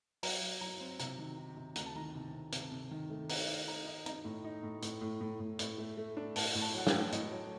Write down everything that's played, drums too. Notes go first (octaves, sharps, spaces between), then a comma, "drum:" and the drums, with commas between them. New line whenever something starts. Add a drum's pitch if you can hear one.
F#3 A#5, drum: open hi-hat
F#3
F#3 A#5
C4
C3 A#5, drum: hi-hat
D#3
D#3
C3
D2 A#5, drum: hi-hat
A5
D#3 A#5
C3
C3
C3, drum: hi-hat
C3
D#3
A3
D#4 A#5, drum: open hi-hat
D#4
D#4 A#5
D#4
D#4 A#5, drum: hi-hat
A2
D#4
A2
A2, drum: hi-hat
A2
A2
A2
A2, drum: hi-hat
A3
A3
D4
A2 A5, drum: open hi-hat
A2
A5
F#3 F#5
G5, drum: snare
A2
A2 D#5, drum: hi-hat
F#3